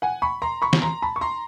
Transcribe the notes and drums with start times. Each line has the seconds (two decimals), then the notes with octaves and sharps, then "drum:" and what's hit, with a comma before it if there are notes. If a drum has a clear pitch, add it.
0.02 F#5 G#5
0.22 B5 C#6
0.42 A#5 C6
0.62 B5 C#6
0.73 drum: snare
0.82 A#5 C6
1.02 A5 B5
1.16 C#6
1.21 A#5 C6